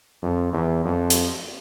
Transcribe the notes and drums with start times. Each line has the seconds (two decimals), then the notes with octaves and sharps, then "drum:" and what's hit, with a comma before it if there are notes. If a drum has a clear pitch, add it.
0.22 F2
0.53 E2
0.84 F2
1.10 drum: hi-hat